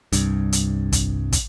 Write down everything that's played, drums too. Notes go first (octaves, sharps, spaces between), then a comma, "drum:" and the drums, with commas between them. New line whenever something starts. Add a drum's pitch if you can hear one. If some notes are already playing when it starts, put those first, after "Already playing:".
C2 G2, drum: hi-hat
drum: hi-hat
drum: kick, hi-hat
drum: kick, hi-hat